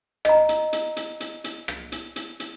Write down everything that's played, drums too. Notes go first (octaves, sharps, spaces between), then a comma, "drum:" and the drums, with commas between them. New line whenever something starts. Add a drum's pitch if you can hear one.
D#5 A#5, drum: rim click
drum: hi-hat
drum: hi-hat
drum: hi-hat
drum: hi-hat
drum: hi-hat
drum: rim click
drum: hi-hat
drum: hi-hat
drum: hi-hat